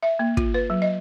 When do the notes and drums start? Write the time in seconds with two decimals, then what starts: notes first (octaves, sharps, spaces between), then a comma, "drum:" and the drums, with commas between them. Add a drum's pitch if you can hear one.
0.03 E5
0.19 A#3
0.37 F4, drum: kick
0.54 B4
0.70 F#3
0.82 D#5